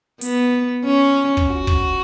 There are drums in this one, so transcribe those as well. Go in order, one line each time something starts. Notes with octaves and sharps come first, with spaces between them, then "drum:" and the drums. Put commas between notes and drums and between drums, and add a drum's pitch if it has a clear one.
B3, drum: hi-hat
C#4
drum: kick
F#4
drum: kick